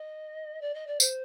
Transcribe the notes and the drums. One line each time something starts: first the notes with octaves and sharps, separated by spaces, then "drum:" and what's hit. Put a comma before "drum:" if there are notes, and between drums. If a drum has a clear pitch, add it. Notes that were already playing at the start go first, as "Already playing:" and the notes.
Already playing: D#5
D5
D#5
D5
C5, drum: tambourine